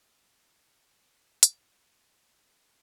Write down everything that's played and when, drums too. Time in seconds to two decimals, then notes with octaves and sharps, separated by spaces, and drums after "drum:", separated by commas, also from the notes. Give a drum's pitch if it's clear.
0.22 G2 D#3 F#3 C#4
0.40 D4
0.57 D#4
0.74 D#4
0.91 G2 D#3 F#3 E4
1.01 C4
1.09 C#4
1.25 D4
1.43 D#4, drum: hi-hat
1.59 E2 B2 F#3 D4
1.94 G#3
2.28 E2 B2 F#3 G#3
2.51 F#3
2.65 G#3